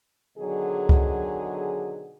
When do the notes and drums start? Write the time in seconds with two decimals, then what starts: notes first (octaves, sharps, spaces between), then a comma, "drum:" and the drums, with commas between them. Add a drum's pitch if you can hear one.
0.38 B2 D3 D#3 F#3 G#4
0.89 drum: kick C#2